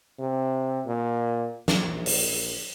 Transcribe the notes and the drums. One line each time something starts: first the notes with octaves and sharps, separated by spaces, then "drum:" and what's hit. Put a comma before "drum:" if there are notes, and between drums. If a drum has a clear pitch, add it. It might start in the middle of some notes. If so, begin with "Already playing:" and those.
C3
A#2
A#1, drum: snare
drum: open hi-hat